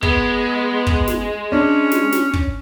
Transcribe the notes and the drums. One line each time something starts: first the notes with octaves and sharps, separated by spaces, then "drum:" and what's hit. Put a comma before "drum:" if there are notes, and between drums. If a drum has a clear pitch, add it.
G#3 B3, drum: kick
drum: kick
drum: snare
C#4 D4
drum: snare
drum: snare
drum: kick